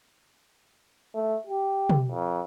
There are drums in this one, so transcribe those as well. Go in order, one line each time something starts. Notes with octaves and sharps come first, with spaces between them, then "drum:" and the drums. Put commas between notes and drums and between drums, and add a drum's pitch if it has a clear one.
A3
G4
drum: tom
F2